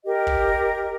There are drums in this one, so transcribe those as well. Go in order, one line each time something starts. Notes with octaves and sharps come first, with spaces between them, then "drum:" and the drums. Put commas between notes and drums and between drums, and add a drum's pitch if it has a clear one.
G4 A#4 D#5
drum: kick